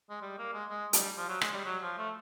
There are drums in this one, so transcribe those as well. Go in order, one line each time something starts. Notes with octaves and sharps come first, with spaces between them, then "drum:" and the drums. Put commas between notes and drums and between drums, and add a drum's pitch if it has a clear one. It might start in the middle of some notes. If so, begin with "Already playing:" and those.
G#3
G3
A#3
G#3
G#3
G3, drum: hi-hat
F3
F#3
G#3, drum: rim click
G3
F#3
F3
A3